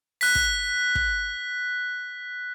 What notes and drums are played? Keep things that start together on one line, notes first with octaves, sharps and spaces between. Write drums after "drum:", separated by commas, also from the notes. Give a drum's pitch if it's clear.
F#6 B6, drum: open hi-hat
drum: kick
drum: kick